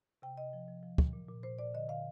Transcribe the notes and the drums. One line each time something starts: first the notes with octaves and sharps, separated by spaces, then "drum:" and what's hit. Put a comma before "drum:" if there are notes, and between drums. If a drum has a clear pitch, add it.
C3 G5
C3 D#5
F3
F3
F3
F3, drum: kick
A#2
A#2
A#2 C5
A#2 D5
D3 D#5
D3 F5